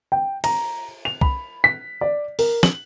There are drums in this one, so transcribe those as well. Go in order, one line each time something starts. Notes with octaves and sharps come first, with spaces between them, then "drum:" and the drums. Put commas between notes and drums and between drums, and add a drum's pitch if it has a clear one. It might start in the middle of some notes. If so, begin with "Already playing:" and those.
G5
A#5, drum: cymbal
F7
B5, drum: kick
B6
D5
A#4, drum: open hi-hat
F#7, drum: snare